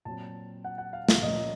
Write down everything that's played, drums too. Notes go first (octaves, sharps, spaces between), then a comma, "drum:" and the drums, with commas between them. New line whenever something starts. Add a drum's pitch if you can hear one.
A#2 F#3 C4 A5
F#5
F#5
F5
F5, drum: snare
A#2 F3 A#3 C#4 D#5